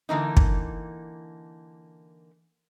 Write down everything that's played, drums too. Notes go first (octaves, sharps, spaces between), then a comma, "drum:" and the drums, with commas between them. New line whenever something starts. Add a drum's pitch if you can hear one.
D3 E3 A#3 D#4
drum: kick